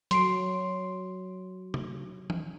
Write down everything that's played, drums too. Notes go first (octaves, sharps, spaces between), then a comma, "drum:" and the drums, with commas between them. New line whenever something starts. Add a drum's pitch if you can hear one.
F#3 C6 C7 D7, drum: hi-hat
drum: tom C3
drum: tom E3